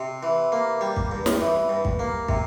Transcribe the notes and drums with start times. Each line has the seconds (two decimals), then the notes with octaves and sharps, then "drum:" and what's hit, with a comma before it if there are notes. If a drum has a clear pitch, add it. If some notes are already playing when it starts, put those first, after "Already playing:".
Already playing: C3
0.23 E3
0.52 A#3
0.81 G3
0.96 drum: kick
1.11 G2
1.26 drum: snare
1.41 E3
1.69 G2
1.85 drum: kick
1.99 A#3
2.29 C3, drum: kick